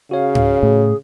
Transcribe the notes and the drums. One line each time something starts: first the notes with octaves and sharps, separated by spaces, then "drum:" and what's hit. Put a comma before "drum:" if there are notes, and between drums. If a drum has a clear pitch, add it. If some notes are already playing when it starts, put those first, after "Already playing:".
C#3 F#4 C#5 F5
drum: tom G#2
A2 G#4